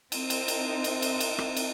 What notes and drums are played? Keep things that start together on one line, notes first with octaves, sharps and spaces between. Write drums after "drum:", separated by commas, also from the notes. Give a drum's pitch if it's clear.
C4 D#4, drum: cymbal
drum: cymbal
drum: cymbal
drum: cymbal
drum: cymbal
drum: cymbal
drum: rim click
drum: cymbal